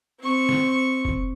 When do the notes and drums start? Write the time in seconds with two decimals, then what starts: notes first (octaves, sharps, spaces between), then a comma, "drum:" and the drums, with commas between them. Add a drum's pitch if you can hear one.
0.21 C4 C#6
0.49 drum: snare
1.05 drum: kick F1